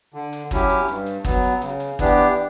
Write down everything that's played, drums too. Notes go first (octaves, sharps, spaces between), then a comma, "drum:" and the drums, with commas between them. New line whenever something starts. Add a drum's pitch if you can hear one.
D3
drum: hi-hat
F#3 C#4 E4 G4, drum: kick, hi-hat
drum: hi-hat
G2, drum: hi-hat
drum: hi-hat
F#3 B3, drum: kick
drum: hi-hat
C#3, drum: hi-hat
drum: hi-hat
E3 B3 D4 G4, drum: kick, hi-hat
drum: hi-hat